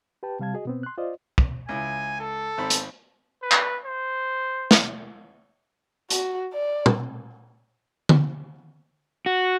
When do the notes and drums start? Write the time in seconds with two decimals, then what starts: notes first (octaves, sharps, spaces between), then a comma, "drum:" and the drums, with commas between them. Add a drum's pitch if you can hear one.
0.23 G4 B4 G5 A5
0.40 C3 G3 F5 A5 G#6
0.54 F#4 G#4 D#5
0.65 B2 B3 C4
0.83 C6 F#6
0.98 F4 C5 D5 D#5
1.38 drum: kick
1.69 C#2 E4 G#5
2.20 A4
2.58 G#1 C4 B5
2.70 drum: hi-hat
3.42 B4
3.52 drum: clap
3.85 C5
4.71 drum: snare
6.10 F#4, drum: hi-hat
6.54 D5
6.86 drum: tom
8.09 drum: tom D3
9.26 F#4